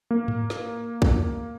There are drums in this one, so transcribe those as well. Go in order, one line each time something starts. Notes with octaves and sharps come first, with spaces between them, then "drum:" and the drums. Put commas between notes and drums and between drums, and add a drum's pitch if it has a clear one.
A#3
drum: tom G#2
drum: snare
drum: kick